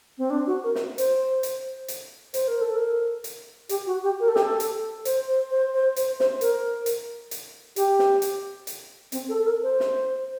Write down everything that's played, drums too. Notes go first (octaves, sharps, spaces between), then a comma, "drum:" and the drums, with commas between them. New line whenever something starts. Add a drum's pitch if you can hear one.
C4
D4
F#4
A#4
drum: snare
C5, drum: hi-hat
drum: hi-hat
drum: hi-hat
C5, drum: hi-hat
A#4
A4
A#4
drum: hi-hat
G4, drum: hi-hat
F#4
G4
A#4
A4
G4, drum: snare
A4
drum: hi-hat
C5, drum: hi-hat
C5
C5
C5
C5, drum: hi-hat
C5, drum: snare
A#4, drum: hi-hat
drum: hi-hat
drum: hi-hat
G4, drum: hi-hat
drum: snare
drum: hi-hat
drum: hi-hat
C4, drum: hi-hat
A4
A4
A#4
C5
drum: snare